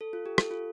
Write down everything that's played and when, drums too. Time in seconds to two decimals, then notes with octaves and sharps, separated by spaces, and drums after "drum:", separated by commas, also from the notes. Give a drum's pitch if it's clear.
0.01 A4
0.13 F4
0.26 G4
0.38 A4, drum: rim click
0.51 F4